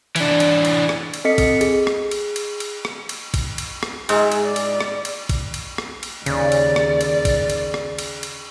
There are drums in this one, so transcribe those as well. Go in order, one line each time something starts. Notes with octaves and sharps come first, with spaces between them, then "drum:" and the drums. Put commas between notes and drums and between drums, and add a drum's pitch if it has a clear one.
E3 D4, drum: cymbal
drum: cymbal
drum: cymbal
drum: rim click
drum: cymbal
C4 A4 D#5 B6 C#7
drum: kick, cymbal
G#4, drum: cymbal
drum: rim click
drum: cymbal
drum: cymbal
drum: cymbal
drum: rim click
drum: cymbal
drum: kick, cymbal
drum: cymbal
drum: rim click
G#2 G#4 E5, drum: cymbal
drum: cymbal
D5
drum: cymbal
drum: rim click
drum: cymbal
drum: kick, cymbal
drum: cymbal
drum: rim click
drum: cymbal
D#2 C#3 D5, drum: cymbal
drum: cymbal
drum: rim click
drum: cymbal
drum: kick, cymbal
drum: cymbal
drum: rim click
drum: cymbal
drum: cymbal